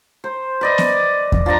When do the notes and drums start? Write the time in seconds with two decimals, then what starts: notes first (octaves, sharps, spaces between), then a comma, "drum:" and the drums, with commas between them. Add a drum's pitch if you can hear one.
0.24 C5
0.61 B4 D5 D#5
0.78 drum: snare B3
1.32 drum: kick E2
1.46 F3 D4 A5 A#5